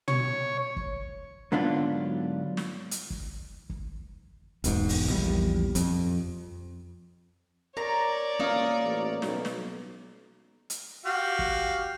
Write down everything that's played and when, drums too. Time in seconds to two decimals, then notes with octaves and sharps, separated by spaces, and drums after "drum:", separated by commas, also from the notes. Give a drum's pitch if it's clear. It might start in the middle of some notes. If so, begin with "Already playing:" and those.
0.08 C#5, drum: tom
0.76 drum: kick
1.52 G#2 D3 F#3 B3 D4 F4
2.57 drum: snare
2.91 drum: hi-hat
3.10 drum: kick
3.70 drum: kick
4.64 E1 E2 G#2, drum: hi-hat
4.89 drum: open hi-hat
5.08 A#1 E2 G3
5.75 F2, drum: hi-hat
7.77 A#4 C#5 D5 A#5
8.40 E1 A#3 C#4 D#4 A#4 F5
8.83 A1
9.22 B1, drum: snare
9.45 drum: snare
10.70 drum: hi-hat
11.05 F#4 G4 F5
11.39 drum: kick